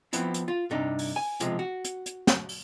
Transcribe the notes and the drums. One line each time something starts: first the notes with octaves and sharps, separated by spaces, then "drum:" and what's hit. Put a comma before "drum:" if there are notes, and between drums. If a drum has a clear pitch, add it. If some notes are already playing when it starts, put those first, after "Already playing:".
F3 B3 C4 E4, drum: hi-hat
drum: hi-hat
F4
G2 C3 D4 D#4
drum: open hi-hat
G#5
B1 C3 F3 G#3, drum: hi-hat
F#4
drum: hi-hat
drum: hi-hat
drum: snare
drum: open hi-hat